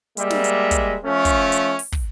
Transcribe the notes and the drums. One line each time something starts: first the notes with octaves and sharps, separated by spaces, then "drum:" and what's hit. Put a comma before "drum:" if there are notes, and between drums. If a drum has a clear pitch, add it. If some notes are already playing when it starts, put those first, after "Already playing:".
G3 G#3 A#3 E5, drum: hi-hat
drum: snare
drum: hi-hat
drum: kick, hi-hat
F3 A3 C#4
drum: kick, hi-hat
drum: hi-hat
drum: open hi-hat
drum: kick